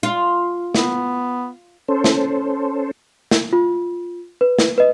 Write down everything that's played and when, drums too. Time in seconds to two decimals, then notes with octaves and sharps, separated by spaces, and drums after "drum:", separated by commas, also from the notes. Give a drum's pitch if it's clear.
0.03 F4
0.75 B3, drum: snare
1.88 C#4 A4 C5
2.04 drum: snare
3.31 drum: snare
3.53 F4
4.41 B4
4.59 drum: snare
4.78 B4 D#5